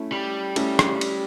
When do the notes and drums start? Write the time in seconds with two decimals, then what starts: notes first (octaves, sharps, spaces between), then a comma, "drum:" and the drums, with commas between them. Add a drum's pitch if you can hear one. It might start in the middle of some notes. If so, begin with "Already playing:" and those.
Already playing: A3 C#4 E4
0.12 G3
0.56 A3 C#4 E4, drum: cymbal
0.79 drum: rim click
1.01 drum: cymbal